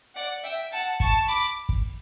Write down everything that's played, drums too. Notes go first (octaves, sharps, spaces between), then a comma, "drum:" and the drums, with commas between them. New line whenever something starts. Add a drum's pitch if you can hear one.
D5 F#5
E5 G5
F#5 A5
A5 C#6, drum: kick
B5 D6
drum: kick